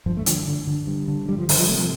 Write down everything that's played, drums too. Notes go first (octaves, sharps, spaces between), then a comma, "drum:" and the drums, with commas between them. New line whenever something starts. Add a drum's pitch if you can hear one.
G2 F3
A3
D3 F3, drum: hi-hat
D3
D3
G2
D3
G2 G3
F3
G2 D3, drum: open hi-hat
F3
C3 A3
F3